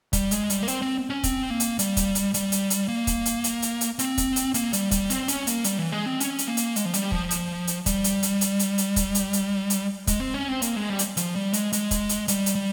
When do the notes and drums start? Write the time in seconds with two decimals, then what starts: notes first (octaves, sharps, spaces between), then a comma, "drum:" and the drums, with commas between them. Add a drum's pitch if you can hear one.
0.13 G3, drum: kick, hi-hat
0.31 G#3, drum: hi-hat
0.50 G3, drum: hi-hat
0.63 A#3
0.68 C4, drum: hi-hat
0.82 C4
1.10 C#4
1.24 C4, drum: kick, hi-hat
1.50 A#3
1.60 drum: hi-hat
1.79 G3, drum: hi-hat
1.97 drum: kick, hi-hat
2.15 drum: hi-hat
2.34 G3, drum: hi-hat
2.52 drum: hi-hat
2.70 drum: hi-hat
2.88 A#3
3.07 drum: kick, hi-hat
3.26 drum: hi-hat
3.44 drum: hi-hat
3.62 drum: hi-hat
3.81 drum: hi-hat
3.99 C4, drum: hi-hat
4.18 drum: kick, hi-hat
4.36 drum: hi-hat
4.54 A#3, drum: hi-hat
4.73 G3, drum: hi-hat
4.91 G3, drum: kick, hi-hat
5.10 C4, drum: hi-hat
5.28 C#4, drum: hi-hat
5.47 A#3, drum: hi-hat
5.64 G3, drum: hi-hat
5.78 E3
5.92 G#3
6.06 C4
6.20 C#4, drum: hi-hat
6.39 drum: hi-hat
6.48 A#3
6.57 drum: hi-hat
6.76 G#3, drum: hi-hat
6.85 F3
6.94 G3, drum: hi-hat
7.12 F3, drum: kick
7.31 drum: hi-hat
7.67 drum: hi-hat
7.86 G3, drum: kick, hi-hat
8.04 drum: hi-hat
8.23 drum: hi-hat
8.41 drum: hi-hat
8.59 drum: hi-hat
8.78 drum: hi-hat
8.96 drum: kick, hi-hat
9.15 drum: hi-hat
9.33 drum: hi-hat
9.70 drum: hi-hat
10.07 G#3, drum: kick, hi-hat
10.20 C4
10.34 C#4
10.49 C4
10.62 A#3, drum: hi-hat
10.76 G#3
10.90 G3
10.99 drum: hi-hat
11.17 F3, drum: hi-hat
11.36 G3
11.53 G#3, drum: hi-hat
11.73 G#3, drum: hi-hat
11.91 drum: kick, hi-hat
12.09 drum: hi-hat
12.28 G3, drum: hi-hat
12.46 drum: hi-hat
12.55 G3